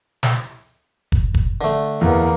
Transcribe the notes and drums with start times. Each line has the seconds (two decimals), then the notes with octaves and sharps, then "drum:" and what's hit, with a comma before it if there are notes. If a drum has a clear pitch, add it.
0.23 drum: snare
1.12 drum: kick
1.34 drum: kick
1.61 D3 A3
2.01 E2 A#3 B3